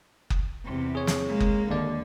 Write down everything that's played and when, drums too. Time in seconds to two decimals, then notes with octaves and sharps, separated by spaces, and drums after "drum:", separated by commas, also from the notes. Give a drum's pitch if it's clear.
0.30 drum: kick F#1
0.65 E2 C3
0.95 G#4 C#5
1.07 drum: snare
1.26 G#3 A#3
1.40 drum: kick F#1
1.70 D#2 D3 D5